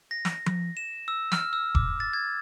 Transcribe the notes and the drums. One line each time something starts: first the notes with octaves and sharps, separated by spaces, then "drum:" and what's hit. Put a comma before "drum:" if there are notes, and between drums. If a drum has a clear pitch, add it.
A#6
drum: snare
drum: tom F3
E7
E6
F6, drum: snare
E6
D6, drum: kick E1
A6
G#6